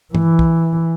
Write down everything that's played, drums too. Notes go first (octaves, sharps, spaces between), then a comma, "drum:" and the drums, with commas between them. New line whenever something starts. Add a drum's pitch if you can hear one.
E3, drum: tom G2
drum: kick